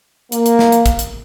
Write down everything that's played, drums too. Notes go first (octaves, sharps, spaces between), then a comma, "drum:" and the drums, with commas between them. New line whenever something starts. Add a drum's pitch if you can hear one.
A#3, drum: hi-hat
drum: hi-hat
drum: snare
drum: hi-hat
drum: kick, hi-hat
drum: hi-hat